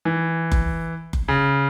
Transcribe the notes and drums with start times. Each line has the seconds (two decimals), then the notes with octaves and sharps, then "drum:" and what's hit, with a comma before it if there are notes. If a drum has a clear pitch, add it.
0.05 E3
0.52 drum: kick F#1
1.13 drum: kick F#1
1.28 C#3